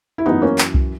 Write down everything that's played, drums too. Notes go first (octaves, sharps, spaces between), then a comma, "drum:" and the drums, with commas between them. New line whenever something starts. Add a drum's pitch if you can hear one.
E4
F#2 E3 B3 D#4
A#3 C#4
drum: clap
drum: kick C2